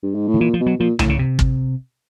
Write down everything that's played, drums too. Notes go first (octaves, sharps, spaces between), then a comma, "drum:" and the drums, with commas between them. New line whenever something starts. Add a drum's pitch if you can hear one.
G2
G#2
A2
D#3
A#2 E3
F3
B2
F#3
A#2 F3
A2 D3, drum: tom C2
C#3
C3
drum: kick